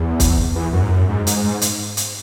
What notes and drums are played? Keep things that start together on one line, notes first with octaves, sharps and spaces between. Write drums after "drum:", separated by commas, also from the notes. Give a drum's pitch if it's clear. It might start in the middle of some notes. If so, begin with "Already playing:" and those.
Already playing: E2
drum: kick, hi-hat
E2
F#2
G#2
F#2
G#2
G#2, drum: hi-hat
G#2
drum: hi-hat
drum: hi-hat